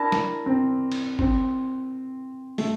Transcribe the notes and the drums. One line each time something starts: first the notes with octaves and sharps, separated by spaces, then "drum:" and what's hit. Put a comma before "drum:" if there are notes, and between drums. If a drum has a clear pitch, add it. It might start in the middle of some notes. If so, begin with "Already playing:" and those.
Already playing: D4 E4 A#4 A5
drum: snare
C4
drum: cymbal
C4, drum: kick G1
A3, drum: open hi-hat